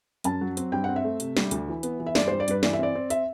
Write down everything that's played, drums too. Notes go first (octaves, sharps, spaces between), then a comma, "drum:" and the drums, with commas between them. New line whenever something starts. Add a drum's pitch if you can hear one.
F#2 A5, drum: hi-hat
F#3
C4, drum: hi-hat
G2 G5
C4 F#5
E5
A3
C3, drum: hi-hat
G3, drum: snare
D2, drum: hi-hat
E3
B3, drum: hi-hat
E3
E5
G2 D5, drum: snare
G3 C5
D5
G2 B4, drum: hi-hat
E3 D5, drum: snare
E5
C4 D5
C4
E5, drum: hi-hat